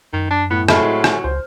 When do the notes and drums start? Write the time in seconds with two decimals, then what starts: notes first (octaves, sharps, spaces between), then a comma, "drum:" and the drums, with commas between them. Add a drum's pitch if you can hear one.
0.13 F#2 D#3
0.30 D4
0.50 A2 B3
0.68 A2 F#3 G#3 A3 C4 B5 F6, drum: rim click
1.04 drum: rim click
1.24 C#2 C5